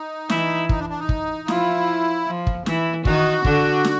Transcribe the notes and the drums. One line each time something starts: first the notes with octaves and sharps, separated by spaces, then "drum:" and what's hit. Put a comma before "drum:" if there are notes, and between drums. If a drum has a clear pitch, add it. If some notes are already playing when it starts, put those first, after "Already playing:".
Already playing: D#4
E3 E4, drum: snare
D#4, drum: kick
D4
D4
D#4
drum: kick
F3 E4 F4, drum: snare
F3 F4
drum: kick
E3 E4, drum: snare
D#3 D#4 F#4, drum: kick
D3 D4, drum: kick
drum: snare